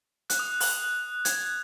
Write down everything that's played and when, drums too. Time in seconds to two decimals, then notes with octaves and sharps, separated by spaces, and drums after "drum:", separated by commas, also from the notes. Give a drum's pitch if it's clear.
0.30 F#6, drum: hi-hat
0.39 D#6
0.50 D#6
0.60 F#6, drum: open hi-hat
1.25 G#6, drum: hi-hat